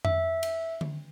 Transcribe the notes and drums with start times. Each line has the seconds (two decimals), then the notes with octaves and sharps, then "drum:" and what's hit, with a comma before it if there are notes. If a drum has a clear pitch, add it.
0.05 E5, drum: tom F2
0.43 drum: cymbal
0.81 drum: tom D3